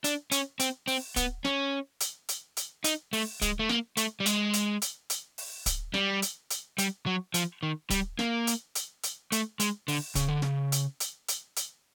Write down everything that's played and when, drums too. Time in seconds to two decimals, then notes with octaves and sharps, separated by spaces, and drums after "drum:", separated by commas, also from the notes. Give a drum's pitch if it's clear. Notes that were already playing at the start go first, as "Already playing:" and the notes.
0.04 D4, drum: hi-hat
0.31 C#4, drum: hi-hat
0.60 C4, drum: hi-hat
0.88 C4, drum: open hi-hat
1.16 B3, drum: kick, hi-hat
1.45 C#4, drum: snare
2.00 drum: hi-hat
2.29 drum: hi-hat
2.57 drum: hi-hat
2.84 D#4, drum: hi-hat
3.13 A3, drum: open hi-hat
3.42 G#3, drum: kick, hi-hat
3.59 A3
3.69 A#3, drum: snare
3.97 A3, drum: hi-hat
4.20 G3
4.26 G#3, drum: hi-hat
4.53 drum: hi-hat
4.82 drum: hi-hat
5.10 drum: hi-hat
5.38 drum: open hi-hat
5.66 drum: kick, hi-hat
5.94 G3, drum: snare
6.22 drum: hi-hat
6.50 drum: hi-hat
6.78 G3, drum: hi-hat
7.06 F#3
7.34 F3, drum: hi-hat
7.63 D#3
7.90 G3, drum: kick, hi-hat
8.19 A#3, drum: snare
8.47 drum: hi-hat
8.75 drum: hi-hat
9.03 drum: hi-hat
9.32 A3, drum: hi-hat
9.60 G#3, drum: hi-hat
9.88 D3, drum: open hi-hat
10.15 C#3, drum: kick, hi-hat
10.28 D3
10.42 C#3, drum: snare
10.72 drum: hi-hat
11.00 drum: hi-hat
11.28 drum: hi-hat
11.56 drum: hi-hat